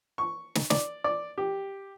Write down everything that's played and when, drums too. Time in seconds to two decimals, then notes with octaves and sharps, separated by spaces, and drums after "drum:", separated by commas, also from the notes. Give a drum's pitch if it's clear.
0.18 C#6
0.55 drum: snare
0.70 D5, drum: snare
1.04 D5
1.38 G4